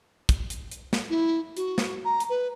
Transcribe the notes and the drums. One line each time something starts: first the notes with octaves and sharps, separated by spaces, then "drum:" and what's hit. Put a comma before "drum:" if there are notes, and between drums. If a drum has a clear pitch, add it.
drum: kick, hi-hat
drum: hi-hat
drum: hi-hat
drum: snare
E4
F#4, drum: hi-hat
drum: snare
A#5
drum: hi-hat
B4